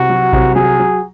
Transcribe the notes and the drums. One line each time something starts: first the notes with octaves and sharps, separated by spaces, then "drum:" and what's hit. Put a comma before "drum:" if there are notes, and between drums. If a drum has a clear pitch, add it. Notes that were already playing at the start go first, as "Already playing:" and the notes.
Already playing: C2 F#4
F#3
C2, drum: kick A1
F#3 G#4
F#3